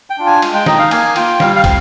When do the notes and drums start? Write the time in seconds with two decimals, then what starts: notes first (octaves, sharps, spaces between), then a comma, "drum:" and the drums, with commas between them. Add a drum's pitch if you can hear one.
0.10 G5
0.18 D4 F4
0.26 G#5
0.42 G#3, drum: cymbal
0.54 G5
0.66 D#4 D#5, drum: snare
0.79 F5
0.91 A#3 G#5, drum: cymbal
1.16 F4 G5, drum: cymbal
1.40 G3 F5, drum: snare
1.56 F5
1.64 C4, drum: kick, cymbal